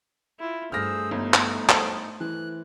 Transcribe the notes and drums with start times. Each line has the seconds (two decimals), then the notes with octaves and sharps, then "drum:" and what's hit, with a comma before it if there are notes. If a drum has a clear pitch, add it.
0.40 E4 F4
0.72 E2 G2 A3 G#4 C5 E6 F6 A#6
1.11 G1 D#4
1.34 drum: clap
1.69 A4 C5, drum: clap
2.20 E3 F#6